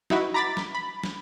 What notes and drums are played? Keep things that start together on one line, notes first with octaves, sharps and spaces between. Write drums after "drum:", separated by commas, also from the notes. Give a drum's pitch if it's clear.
D#4 E4 F#4 B4, drum: snare
A#5 B5 D6 A6 B6
drum: snare
B5
drum: snare